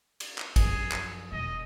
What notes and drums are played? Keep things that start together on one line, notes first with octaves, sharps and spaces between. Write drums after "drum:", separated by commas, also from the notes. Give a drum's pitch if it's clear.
drum: cymbal
drum: clap
F#2 F3 G#4, drum: kick, cymbal
drum: clap
E1 D#5